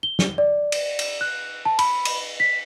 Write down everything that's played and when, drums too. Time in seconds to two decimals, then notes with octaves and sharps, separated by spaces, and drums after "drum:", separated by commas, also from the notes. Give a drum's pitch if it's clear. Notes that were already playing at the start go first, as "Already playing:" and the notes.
0.03 G7
0.19 drum: snare
0.38 D5
0.72 drum: cymbal
0.99 drum: cymbal
1.21 F#6
1.65 A5
1.79 B5, drum: cymbal
2.05 drum: cymbal
2.40 B6